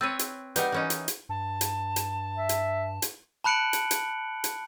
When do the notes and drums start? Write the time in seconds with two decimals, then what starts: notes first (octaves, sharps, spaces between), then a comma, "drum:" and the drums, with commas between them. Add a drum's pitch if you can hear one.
0.01 C4 B4 C#5 E6 A6 D#7
0.19 drum: hi-hat
0.56 G3 D#4 A#4 B4 F#5, drum: hi-hat
0.72 E3 C#4 D#4
0.90 drum: hi-hat
1.08 drum: hi-hat
1.29 G2 A5
1.61 drum: hi-hat
1.96 drum: hi-hat
2.36 E5
2.49 drum: hi-hat
3.02 drum: hi-hat
3.44 A5 B5 F#6 C#7 D7 F#7
3.73 drum: hi-hat
3.91 drum: hi-hat
4.44 drum: hi-hat